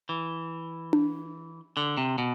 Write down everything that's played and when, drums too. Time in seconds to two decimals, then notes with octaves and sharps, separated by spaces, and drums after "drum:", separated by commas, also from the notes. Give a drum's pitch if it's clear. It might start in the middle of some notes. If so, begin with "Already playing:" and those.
0.09 E3
0.93 drum: tom D4
1.77 D3
1.97 C3
2.18 B2